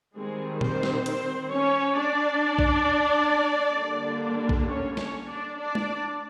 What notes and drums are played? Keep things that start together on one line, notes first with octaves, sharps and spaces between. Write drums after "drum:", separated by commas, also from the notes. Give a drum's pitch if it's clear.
D#3 G3 G#3 C4 G#4
C4 C5, drum: tom A#2
drum: snare
C4 C5, drum: hi-hat
C#4 C#5
D4 D5
drum: kick A#1
D3 G3 A#3 D4
drum: kick A#1
C#4 C#5
C#4 C#5, drum: snare
D4 D5
D4 D5
drum: tom G#3